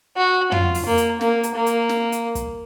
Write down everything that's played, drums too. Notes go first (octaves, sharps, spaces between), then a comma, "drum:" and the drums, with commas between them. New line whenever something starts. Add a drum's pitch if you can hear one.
F#4
F4, drum: tom
drum: open hi-hat
A#3
drum: hi-hat
A#3, drum: snare
drum: hi-hat
A#3
drum: hi-hat
drum: snare
drum: hi-hat
drum: kick, hi-hat